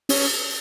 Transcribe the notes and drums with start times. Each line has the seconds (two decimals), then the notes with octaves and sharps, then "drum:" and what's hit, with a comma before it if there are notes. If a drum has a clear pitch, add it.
0.09 C#4, drum: open hi-hat